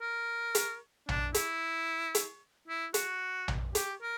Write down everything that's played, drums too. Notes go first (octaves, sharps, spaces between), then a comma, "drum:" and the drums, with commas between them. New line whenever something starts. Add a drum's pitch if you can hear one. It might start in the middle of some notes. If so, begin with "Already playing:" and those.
A#4
drum: hi-hat
D4, drum: tom A#1
E4, drum: hi-hat
drum: hi-hat
E4
F#4, drum: hi-hat
drum: tom A#1
G4, drum: hi-hat
A#4